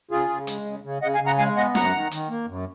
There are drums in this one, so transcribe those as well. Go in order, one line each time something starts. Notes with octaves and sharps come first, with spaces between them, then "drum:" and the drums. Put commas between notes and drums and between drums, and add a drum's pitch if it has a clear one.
C#3 F4 G#4
C#3
G#3, drum: hi-hat
C#3
C#3
C#3 D#5 F#5
F5 G#5
C#3
F#5 A#5
G#3 F5 G#5
B3 D#5 F#5
F#2 F#5 A#5, drum: snare
D#3
D#3, drum: hi-hat
A#3
F#2